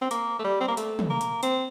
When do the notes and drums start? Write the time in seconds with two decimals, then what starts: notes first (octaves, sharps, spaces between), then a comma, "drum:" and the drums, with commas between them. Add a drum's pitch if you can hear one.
0.02 C4
0.11 A#3, drum: hi-hat
0.39 A3
0.44 G3
0.60 C4
0.68 A#3
0.77 A3, drum: hi-hat
0.99 drum: tom
1.10 A#3
1.21 drum: hi-hat
1.43 C4, drum: hi-hat